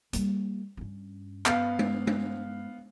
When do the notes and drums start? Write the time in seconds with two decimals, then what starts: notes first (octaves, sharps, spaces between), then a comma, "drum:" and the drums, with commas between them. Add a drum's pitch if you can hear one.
0.13 G3 A#3, drum: hi-hat
0.77 G2 C#4
1.46 B3 F5, drum: clap
1.79 drum: tom G#3
2.07 drum: tom G#3